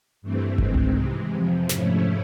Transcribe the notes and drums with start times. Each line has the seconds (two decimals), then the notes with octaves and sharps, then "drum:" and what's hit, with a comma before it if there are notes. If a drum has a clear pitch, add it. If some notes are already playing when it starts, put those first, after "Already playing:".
0.22 G2 E3 A3 C4
0.58 G#2 D#3 G#3 C4, drum: kick G1
0.74 drum: tom C2
0.95 C3 E3 G#3
1.32 F2 C3 F3
1.69 G#2 F3 A3 C#4 E4, drum: snare